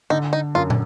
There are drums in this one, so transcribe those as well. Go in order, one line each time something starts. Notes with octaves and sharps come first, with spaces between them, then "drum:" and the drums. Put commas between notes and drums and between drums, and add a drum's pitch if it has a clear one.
D3 D#4
D#4
F#2 F4
drum: tom